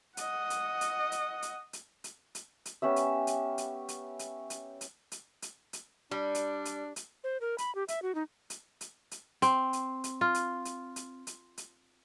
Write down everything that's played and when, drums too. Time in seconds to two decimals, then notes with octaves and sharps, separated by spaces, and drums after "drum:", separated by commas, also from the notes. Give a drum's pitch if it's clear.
0.17 D#5 F#5, drum: hi-hat
0.50 drum: hi-hat
0.81 drum: hi-hat
1.12 drum: hi-hat
1.42 drum: hi-hat
1.73 drum: hi-hat
2.04 drum: hi-hat
2.35 drum: hi-hat
2.65 drum: hi-hat
2.82 B3 C#4 G4 E5
2.96 drum: hi-hat
3.27 drum: hi-hat
3.58 drum: hi-hat
3.89 drum: hi-hat
4.19 drum: hi-hat
4.50 drum: hi-hat
4.81 drum: hi-hat
5.12 drum: hi-hat
5.42 drum: hi-hat
5.73 drum: hi-hat
6.11 G3 D4
6.35 drum: hi-hat
6.65 drum: hi-hat
6.96 drum: hi-hat
7.24 C5
7.41 A#4
7.58 B5, drum: hi-hat
7.75 G4
7.88 E5, drum: hi-hat
8.02 F#4
8.15 D#4
8.50 drum: hi-hat
8.81 drum: hi-hat
9.11 drum: hi-hat
9.42 C4, drum: hi-hat
9.73 drum: hi-hat
10.04 drum: hi-hat
10.21 F4
10.34 drum: hi-hat
10.65 drum: hi-hat
10.96 drum: hi-hat
11.27 drum: hi-hat
11.58 drum: hi-hat